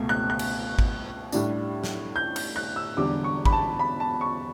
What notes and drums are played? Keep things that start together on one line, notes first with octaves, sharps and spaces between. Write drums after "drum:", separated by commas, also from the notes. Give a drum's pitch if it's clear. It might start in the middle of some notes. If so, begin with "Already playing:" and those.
Already playing: C#2 B2 A3
F#6
F#6
drum: cymbal
drum: kick G#1
A2 G3 D4, drum: tambourine
drum: snare
G6
G6, drum: cymbal
F#6
E6
E1 E2 D3 G3 D6
C#6
B5, drum: kick G#1
A5
B5
A5
C#6